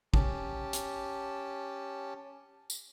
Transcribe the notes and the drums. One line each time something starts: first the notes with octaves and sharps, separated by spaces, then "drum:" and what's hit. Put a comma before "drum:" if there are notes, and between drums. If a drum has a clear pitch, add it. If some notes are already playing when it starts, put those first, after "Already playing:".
C#4 G4 A5, drum: kick A1
drum: hi-hat
drum: tambourine